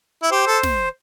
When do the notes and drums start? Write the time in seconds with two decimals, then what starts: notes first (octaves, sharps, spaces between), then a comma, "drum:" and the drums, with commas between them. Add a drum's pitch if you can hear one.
0.23 E4
0.31 G4 C5
0.47 A4
0.63 drum: snare